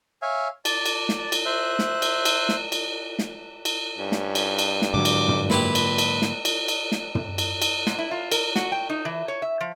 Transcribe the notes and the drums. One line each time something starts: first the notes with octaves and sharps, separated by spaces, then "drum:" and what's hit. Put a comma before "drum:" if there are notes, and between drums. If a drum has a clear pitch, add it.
C#5 E5 F5 G#5
D5 A5, drum: cymbal
drum: cymbal
drum: snare
drum: cymbal
C5 E5 F#6
drum: snare
drum: cymbal
drum: cymbal
drum: snare
drum: cymbal
drum: snare
drum: cymbal
G2 C#4
drum: snare
drum: cymbal
drum: cymbal
drum: snare
G#2 D3 F#3 D6
drum: cymbal
drum: tom
A#2 E4 G4 B4, drum: snare
drum: cymbal
drum: cymbal
drum: snare
drum: cymbal
drum: cymbal
drum: snare
drum: tom
drum: cymbal
drum: cymbal
G#2, drum: snare
E4
F4
A#4, drum: cymbal
F#4, drum: snare
G5
D#4
E3
C#5
E5
F3